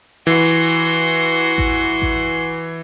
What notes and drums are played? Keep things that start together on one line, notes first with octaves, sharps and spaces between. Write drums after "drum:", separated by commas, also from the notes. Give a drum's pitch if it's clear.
E3 F#4 C6
drum: kick A1
drum: kick A1